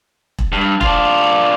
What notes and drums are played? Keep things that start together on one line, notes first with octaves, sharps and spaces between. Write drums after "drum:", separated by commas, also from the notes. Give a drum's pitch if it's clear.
drum: kick E1
G2
D4 F4, drum: kick E1